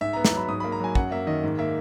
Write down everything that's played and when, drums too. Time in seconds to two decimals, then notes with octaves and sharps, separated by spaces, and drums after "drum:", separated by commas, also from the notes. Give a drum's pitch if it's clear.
0.01 G#2 E5
0.13 A#5
0.16 B3
0.25 A#5, drum: snare
0.33 F#3 B5
0.48 G#2 D#6
0.60 A#3 B5
0.72 A#5
0.80 F#3 G#5
0.95 F#2 F#5, drum: kick
1.11 A#3 E5
1.27 D#3 D#5
1.43 G#2
1.59 A#3 E5